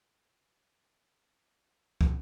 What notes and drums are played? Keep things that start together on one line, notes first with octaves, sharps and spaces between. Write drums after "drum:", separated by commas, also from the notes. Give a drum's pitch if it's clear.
A#2 B3 C4 F#4 G4 A4
drum: kick